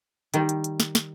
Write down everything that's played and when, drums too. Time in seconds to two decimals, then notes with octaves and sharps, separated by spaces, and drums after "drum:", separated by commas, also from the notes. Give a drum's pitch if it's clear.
0.34 D#3 G3, drum: hi-hat
0.49 drum: hi-hat
0.64 drum: hi-hat
0.80 drum: snare
0.95 drum: snare